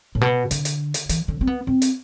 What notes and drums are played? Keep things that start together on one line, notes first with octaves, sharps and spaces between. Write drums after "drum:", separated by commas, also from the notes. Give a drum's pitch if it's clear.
A2
B2
D3, drum: hi-hat
drum: hi-hat
drum: hi-hat
E3, drum: hi-hat
D3
C4
B3
C4
drum: hi-hat